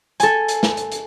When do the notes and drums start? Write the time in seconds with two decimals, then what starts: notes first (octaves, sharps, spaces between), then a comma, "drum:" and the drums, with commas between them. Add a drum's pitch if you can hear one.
0.20 A4 G#5, drum: hi-hat
0.48 drum: hi-hat
0.63 drum: snare
0.77 drum: hi-hat
0.92 drum: hi-hat